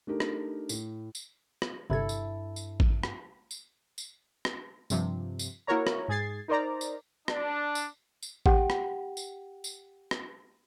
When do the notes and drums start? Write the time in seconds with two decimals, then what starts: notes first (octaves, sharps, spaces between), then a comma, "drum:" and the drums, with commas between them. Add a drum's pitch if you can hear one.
0.07 A3 D4 D#4 G4 A#4
0.20 drum: rim click
0.69 A2, drum: tambourine
1.15 drum: tambourine
1.62 drum: rim click
1.90 G1 G2 C3 E4 A4 G#6
2.09 drum: tambourine
2.56 drum: tambourine
2.80 drum: kick A1
3.03 drum: rim click
3.51 drum: tambourine
3.98 drum: tambourine
4.45 drum: rim click
4.90 G2 C3 F3, drum: tambourine
5.39 drum: tambourine
5.67 A#3 E4 F#4 A#4 C#5 A#5
5.87 drum: rim click
6.08 G#2 G#4 G#6 A6 C7
6.48 D#4 A#4 C5 D5 A#5
6.81 drum: tambourine
7.28 D4, drum: rim click
7.75 drum: tambourine
8.22 drum: tambourine
8.46 G4 F#5 G5, drum: kick A1
8.70 drum: rim click
9.17 drum: tambourine
9.64 drum: tambourine
10.11 drum: rim click